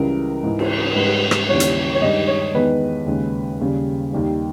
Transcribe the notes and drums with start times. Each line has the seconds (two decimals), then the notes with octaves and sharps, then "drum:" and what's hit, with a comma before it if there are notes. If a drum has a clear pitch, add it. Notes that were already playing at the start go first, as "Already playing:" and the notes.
Already playing: C#2 C#3 E3 G3 A#4
0.43 G#2 E3 G#3
0.59 drum: cymbal
0.95 G#2 G3 B4
1.31 drum: rim click
1.48 D#2 C#3 E3 G3 C#5
1.60 drum: hi-hat
1.95 C#5
2.01 G2 D#3 G#3 D#5
2.27 C#5
2.54 E2 D#3 G#3 B4
3.06 D#2 C#3 G#3
3.59 D#2 C#3 G3
4.12 D#2 D#3 G3